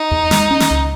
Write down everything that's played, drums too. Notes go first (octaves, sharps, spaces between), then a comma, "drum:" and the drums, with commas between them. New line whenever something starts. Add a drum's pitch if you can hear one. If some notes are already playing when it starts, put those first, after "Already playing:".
Already playing: D#4
E2
G#3, drum: snare
C#4
drum: snare
C#2